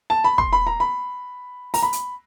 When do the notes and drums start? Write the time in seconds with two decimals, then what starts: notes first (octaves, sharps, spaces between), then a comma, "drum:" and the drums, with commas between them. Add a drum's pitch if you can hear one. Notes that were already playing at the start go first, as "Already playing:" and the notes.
0.10 A5
0.24 B5
0.38 C6, drum: kick
0.53 B5
0.67 A#5
0.80 B5
1.74 A#5, drum: open hi-hat
1.83 B5
1.93 drum: hi-hat